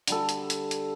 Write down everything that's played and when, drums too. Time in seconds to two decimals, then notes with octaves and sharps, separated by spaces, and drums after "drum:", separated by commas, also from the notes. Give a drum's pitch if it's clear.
0.07 D3 G3 A4, drum: hi-hat
0.29 drum: hi-hat
0.50 drum: hi-hat
0.71 drum: hi-hat